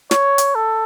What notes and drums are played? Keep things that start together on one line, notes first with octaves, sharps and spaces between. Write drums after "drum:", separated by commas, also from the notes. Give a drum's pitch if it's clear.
C#5, drum: snare
drum: hi-hat
A4